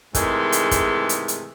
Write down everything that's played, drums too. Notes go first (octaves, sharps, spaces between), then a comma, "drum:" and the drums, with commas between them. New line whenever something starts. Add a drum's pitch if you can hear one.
G#2 C3 D#3 E3 G#3 A3, drum: kick, hi-hat
drum: hi-hat
drum: kick, hi-hat
drum: hi-hat
drum: hi-hat